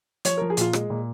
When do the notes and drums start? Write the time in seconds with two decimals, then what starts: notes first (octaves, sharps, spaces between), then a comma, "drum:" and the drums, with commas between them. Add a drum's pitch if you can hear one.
0.25 F3 C#5, drum: hi-hat
0.38 F3 A#4
0.50 G#4
0.57 A#2 F4, drum: hi-hat
0.73 G#3, drum: rim click
0.90 A#2